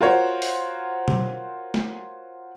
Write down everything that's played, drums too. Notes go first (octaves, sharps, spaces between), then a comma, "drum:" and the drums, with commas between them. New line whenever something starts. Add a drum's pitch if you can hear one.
F4 F#4 A#4 C5 C#5
drum: open hi-hat
drum: tom B2
drum: snare